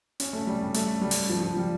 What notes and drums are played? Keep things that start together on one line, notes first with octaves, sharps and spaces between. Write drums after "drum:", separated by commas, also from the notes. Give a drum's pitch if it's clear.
C#4, drum: hi-hat
A3
G3
G3
A3, drum: hi-hat
G3
drum: open hi-hat
F3
F3
G3